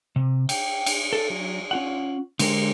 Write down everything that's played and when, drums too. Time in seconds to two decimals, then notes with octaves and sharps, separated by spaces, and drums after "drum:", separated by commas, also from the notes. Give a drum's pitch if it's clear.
0.16 C3
0.49 G5, drum: cymbal
0.86 drum: cymbal
1.13 A4
1.30 F#3
1.71 C#4 F4 F#5
2.39 D3 G#3 G4 A#4 C5, drum: cymbal